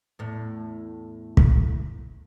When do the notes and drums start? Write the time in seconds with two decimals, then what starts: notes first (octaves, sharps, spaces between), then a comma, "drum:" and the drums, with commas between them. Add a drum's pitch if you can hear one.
0.19 E2 A2
1.37 drum: kick